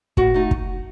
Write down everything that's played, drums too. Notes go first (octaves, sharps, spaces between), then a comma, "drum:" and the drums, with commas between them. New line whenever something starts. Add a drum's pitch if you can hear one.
A2 F#4, drum: kick
A3 D#4
drum: kick